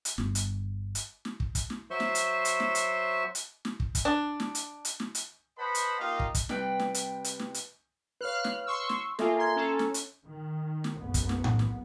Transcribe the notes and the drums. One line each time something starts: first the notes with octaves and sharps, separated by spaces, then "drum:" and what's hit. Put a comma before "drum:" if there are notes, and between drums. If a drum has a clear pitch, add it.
drum: hi-hat
G1, drum: snare
drum: hi-hat
drum: hi-hat
drum: snare
drum: kick
drum: kick, hi-hat
drum: snare
F#3 C5 E5 C6 C#6
drum: snare
drum: hi-hat
drum: hi-hat
drum: snare
drum: hi-hat
drum: hi-hat
drum: snare
drum: kick
drum: kick, hi-hat
D4
drum: snare
drum: hi-hat
drum: hi-hat
drum: snare
drum: hi-hat
B4 C5 D#5 F#5 A5 B5
drum: hi-hat
A#3 D#4 F4 G4 D#5 F5
drum: kick
drum: kick, hi-hat
C3 G3 B4 D5 G5, drum: snare
drum: snare
drum: hi-hat
drum: hi-hat
drum: snare
drum: hi-hat
B4 C#5 F5 F6 F#6
drum: snare
C6 C#6 E6
drum: snare
A#3 F4 A4 E5 G#5, drum: snare
A#5 C6 G#6
C#4 A4
drum: snare
drum: hi-hat
D#3
drum: snare
F#1 B1 F#2 B3
drum: kick, hi-hat
drum: snare
drum: tom A2
drum: snare